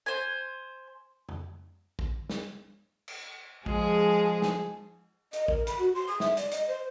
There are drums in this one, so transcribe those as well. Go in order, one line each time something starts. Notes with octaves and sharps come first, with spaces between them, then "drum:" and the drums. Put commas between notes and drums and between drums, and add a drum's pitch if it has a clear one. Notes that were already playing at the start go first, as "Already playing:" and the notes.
C5 G#5
drum: tom
drum: kick
drum: snare
drum: cymbal
F3 G#3 G#4, drum: kick
drum: snare
D#5, drum: hi-hat
A#4, drum: kick
B5, drum: hi-hat
F#4
C6
D#6
E5, drum: snare
D5, drum: hi-hat
D#5, drum: hi-hat
C5